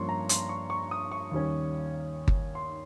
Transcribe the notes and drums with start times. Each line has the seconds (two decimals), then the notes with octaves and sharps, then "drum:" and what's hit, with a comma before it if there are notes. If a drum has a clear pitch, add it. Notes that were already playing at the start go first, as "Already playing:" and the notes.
Already playing: G2 F3 A#3 C#4 C6 C#6
0.09 A#5
0.29 C6, drum: hi-hat
0.49 C#6
0.70 C#6
0.91 D#6
1.12 C#6
1.31 D#2 D#3 G3 C#4
2.28 drum: kick G1
2.55 C6